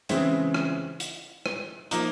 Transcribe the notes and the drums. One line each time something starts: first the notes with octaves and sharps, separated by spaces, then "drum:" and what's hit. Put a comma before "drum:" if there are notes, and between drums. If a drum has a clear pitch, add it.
C#3 E3 G#3 C4 E4, drum: hi-hat
drum: rim click
drum: hi-hat
drum: rim click
F3 A#3 D#4, drum: hi-hat